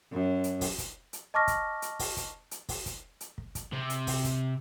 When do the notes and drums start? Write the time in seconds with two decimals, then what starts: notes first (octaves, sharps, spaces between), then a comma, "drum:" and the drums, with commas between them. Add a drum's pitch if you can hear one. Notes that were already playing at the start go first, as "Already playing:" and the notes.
0.12 F#2
0.44 drum: hi-hat
0.61 drum: kick, open hi-hat
0.78 drum: kick, hi-hat
1.13 drum: hi-hat
1.34 D#5 A5 C#6 D6 F6 A#6
1.48 drum: kick, hi-hat
1.82 drum: hi-hat
1.99 drum: kick, open hi-hat
2.17 drum: kick, hi-hat
2.51 drum: hi-hat
2.69 drum: kick, open hi-hat
2.86 drum: kick, hi-hat
3.21 drum: hi-hat
3.38 drum: kick
3.55 drum: kick, hi-hat
3.72 C3
3.90 drum: hi-hat
4.07 drum: kick, open hi-hat
4.24 drum: kick, hi-hat